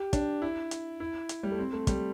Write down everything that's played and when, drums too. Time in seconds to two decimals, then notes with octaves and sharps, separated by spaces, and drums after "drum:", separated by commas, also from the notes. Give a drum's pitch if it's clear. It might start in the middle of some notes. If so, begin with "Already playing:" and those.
Already playing: G4
0.13 D4, drum: kick, hi-hat
0.42 E4
0.71 drum: hi-hat
1.00 E4
1.29 drum: hi-hat
1.43 G3
1.51 A3
1.58 C4
1.73 A3
1.87 G3, drum: kick, hi-hat